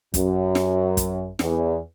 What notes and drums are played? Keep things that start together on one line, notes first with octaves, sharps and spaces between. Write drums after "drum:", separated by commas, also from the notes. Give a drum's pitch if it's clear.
F#2, drum: kick, hi-hat
drum: snare
drum: kick, hi-hat
E2, drum: snare